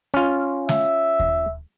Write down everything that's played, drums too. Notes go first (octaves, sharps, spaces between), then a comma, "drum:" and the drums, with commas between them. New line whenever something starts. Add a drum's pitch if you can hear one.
C#4 F4
E5, drum: snare
drum: kick D#2